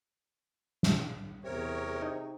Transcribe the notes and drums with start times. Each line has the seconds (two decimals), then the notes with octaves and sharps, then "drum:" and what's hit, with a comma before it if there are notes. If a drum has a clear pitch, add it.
0.83 drum: snare
1.44 E2 C3 G#4 A#4 C#5 C#6
2.02 D#4